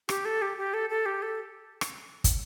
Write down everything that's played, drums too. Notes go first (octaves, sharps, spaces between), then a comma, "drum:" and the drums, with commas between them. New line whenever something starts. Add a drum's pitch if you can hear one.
G4, drum: rim click
A4
G4
G4
A4
A4
G4
A4
drum: rim click
drum: kick, hi-hat